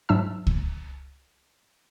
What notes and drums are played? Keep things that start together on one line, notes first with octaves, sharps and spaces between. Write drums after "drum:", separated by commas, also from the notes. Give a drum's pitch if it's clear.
G#2 F#3 D4 E5 A5 E6
drum: kick C#2